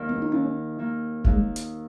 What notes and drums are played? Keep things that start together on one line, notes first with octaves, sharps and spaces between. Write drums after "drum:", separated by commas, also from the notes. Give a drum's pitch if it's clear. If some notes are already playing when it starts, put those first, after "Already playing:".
Already playing: D#2 D#3 A#3
B3
D#4
D#2 C#4
D#3 A#3
D#2 G#3, drum: kick F1
drum: hi-hat